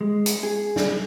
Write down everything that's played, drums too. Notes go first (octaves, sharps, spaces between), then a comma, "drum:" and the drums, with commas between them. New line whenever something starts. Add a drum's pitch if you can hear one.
G#3
drum: hi-hat
G#4
drum: snare